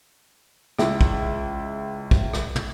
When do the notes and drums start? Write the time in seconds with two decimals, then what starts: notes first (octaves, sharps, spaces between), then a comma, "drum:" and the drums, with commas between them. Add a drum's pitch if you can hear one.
0.79 C#2 E4, drum: rim click
1.01 drum: kick
2.11 drum: kick
2.33 drum: rim click
2.56 drum: tom